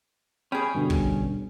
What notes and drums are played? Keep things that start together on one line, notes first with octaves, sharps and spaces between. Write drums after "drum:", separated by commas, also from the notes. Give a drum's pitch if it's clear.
C#4 G#4 G5 B5
G2 B2 D3
drum: kick